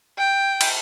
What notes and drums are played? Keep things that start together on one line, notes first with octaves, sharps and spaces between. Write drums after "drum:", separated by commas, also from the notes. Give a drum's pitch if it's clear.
G5
drum: cymbal